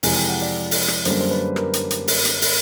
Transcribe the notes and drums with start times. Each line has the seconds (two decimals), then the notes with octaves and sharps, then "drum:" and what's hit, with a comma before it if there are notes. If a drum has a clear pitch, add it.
0.03 F2 C3 E3 G#3 G#5, drum: open hi-hat
0.16 G5
0.29 F#5
0.41 D5
0.71 drum: open hi-hat
0.88 drum: rim click
1.05 F#2 D3 G3 A#3 C5, drum: hi-hat
1.21 C5
1.31 B4
1.56 A#4, drum: rim click
1.73 drum: hi-hat
1.91 drum: hi-hat
2.08 drum: open hi-hat
2.25 drum: hi-hat
2.42 drum: open hi-hat